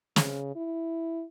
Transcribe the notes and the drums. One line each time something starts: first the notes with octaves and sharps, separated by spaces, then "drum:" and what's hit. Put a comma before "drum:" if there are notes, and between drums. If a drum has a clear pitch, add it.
C#3, drum: snare
E4